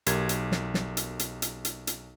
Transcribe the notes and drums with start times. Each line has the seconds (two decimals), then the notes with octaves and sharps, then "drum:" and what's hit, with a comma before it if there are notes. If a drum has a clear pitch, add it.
0.06 B1 G4 A#4 G#6, drum: hi-hat
0.29 drum: hi-hat
0.52 drum: snare
0.74 drum: snare
0.97 drum: hi-hat
1.19 drum: hi-hat
1.42 drum: hi-hat
1.65 drum: hi-hat
1.87 drum: hi-hat